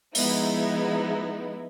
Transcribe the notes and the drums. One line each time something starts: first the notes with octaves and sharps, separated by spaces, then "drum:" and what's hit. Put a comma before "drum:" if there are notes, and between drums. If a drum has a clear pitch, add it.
F3 G#3 B3 D#4 E4, drum: open hi-hat